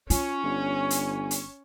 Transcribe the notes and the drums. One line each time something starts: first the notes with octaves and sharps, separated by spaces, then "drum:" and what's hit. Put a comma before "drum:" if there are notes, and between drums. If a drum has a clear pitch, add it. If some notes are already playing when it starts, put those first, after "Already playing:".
C#4 F4 C#5 G#5, drum: hi-hat
G1
drum: hi-hat
drum: hi-hat